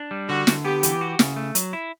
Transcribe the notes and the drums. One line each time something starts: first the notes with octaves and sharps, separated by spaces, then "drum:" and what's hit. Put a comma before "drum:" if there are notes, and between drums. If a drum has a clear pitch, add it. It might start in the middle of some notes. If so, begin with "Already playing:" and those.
Already playing: D4
G3
D3 F#4
D3, drum: snare
B3 G4
E3, drum: hi-hat
F#4
C#3, drum: snare
A3
F#3, drum: hi-hat
E4